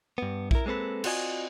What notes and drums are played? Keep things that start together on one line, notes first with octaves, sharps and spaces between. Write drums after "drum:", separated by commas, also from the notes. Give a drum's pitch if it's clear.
G2 B3
E4 A#4, drum: kick
G#3 A#3 C4 A4 B4
C4 F4 F#4 D5 D#5 G#5, drum: cymbal